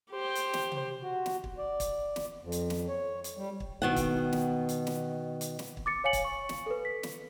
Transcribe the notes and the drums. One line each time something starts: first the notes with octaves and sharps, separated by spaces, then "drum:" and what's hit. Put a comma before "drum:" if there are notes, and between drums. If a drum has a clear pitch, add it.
G4 C5
drum: hi-hat
drum: snare
drum: tom C3
F#4
drum: snare
drum: kick
D5
drum: kick, hi-hat
drum: snare
F2
drum: hi-hat
drum: snare
C#5
drum: hi-hat
G3
drum: kick
B2 D#3 F#5
drum: kick, hi-hat
drum: snare
drum: hi-hat
drum: snare
drum: hi-hat
drum: snare
drum: kick
D6 A6 C#7
C#5 F5 G#5 C#7 F#7
drum: kick, hi-hat
C#6
drum: snare
A4 B4
B6
drum: snare